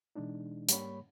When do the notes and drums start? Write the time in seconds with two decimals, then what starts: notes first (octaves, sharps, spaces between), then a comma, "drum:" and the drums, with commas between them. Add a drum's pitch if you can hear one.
0.15 B2 E3 G#3 D4 D#4
0.69 G#2 G3 A#3 C#5 B5, drum: hi-hat